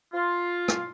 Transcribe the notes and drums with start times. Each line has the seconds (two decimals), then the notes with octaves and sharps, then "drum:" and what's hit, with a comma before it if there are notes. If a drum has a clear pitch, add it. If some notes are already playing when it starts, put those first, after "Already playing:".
0.13 F4
0.68 drum: rim click